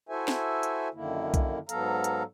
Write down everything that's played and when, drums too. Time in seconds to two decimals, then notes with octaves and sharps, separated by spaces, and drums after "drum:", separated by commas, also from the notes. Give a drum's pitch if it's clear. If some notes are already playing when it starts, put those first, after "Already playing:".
0.09 E4 F#4 A4 C5 E5 G#5
0.28 drum: snare
0.63 drum: hi-hat
0.94 F#2 D3 D#3 A#3 E4
1.34 drum: kick B1, hi-hat
1.69 G#2 F#3 B3 A4 F5 A#5, drum: hi-hat
2.04 drum: hi-hat